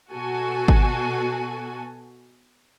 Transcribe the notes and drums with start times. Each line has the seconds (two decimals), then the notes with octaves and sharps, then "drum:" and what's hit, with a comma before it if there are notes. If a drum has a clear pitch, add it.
0.11 B2 F#4 A4 G#5
0.68 drum: kick G#1